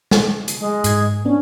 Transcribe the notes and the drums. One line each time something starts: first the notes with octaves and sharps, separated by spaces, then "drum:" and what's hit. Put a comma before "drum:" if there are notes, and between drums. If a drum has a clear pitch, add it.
drum: snare
drum: hi-hat
G#3
G#2 G#6, drum: hi-hat
B3 C#4 D4